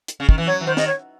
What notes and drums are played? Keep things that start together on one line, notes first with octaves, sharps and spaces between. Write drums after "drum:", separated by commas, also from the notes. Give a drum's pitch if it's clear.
drum: hi-hat
C#3
D#3, drum: kick
E3
F#3 C#5
E3
D#3 C5
D#5, drum: snare
C#5